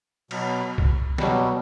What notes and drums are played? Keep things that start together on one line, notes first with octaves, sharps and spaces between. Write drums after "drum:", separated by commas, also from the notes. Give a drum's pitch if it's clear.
B2 F#3, drum: cymbal
drum: kick
B2 F#3 G3, drum: snare